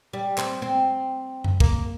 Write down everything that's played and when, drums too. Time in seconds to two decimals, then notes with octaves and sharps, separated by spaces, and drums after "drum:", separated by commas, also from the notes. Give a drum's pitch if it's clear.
0.13 G3
0.38 C4, drum: clap
0.62 C4
1.44 drum: tom F#2
1.60 A#3, drum: kick